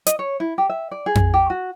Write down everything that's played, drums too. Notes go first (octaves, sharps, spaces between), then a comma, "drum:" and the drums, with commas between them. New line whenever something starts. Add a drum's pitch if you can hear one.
D#5, drum: hi-hat
C#5
E4
G4
E5
D5
G#4
drum: tom F2
G4
F#4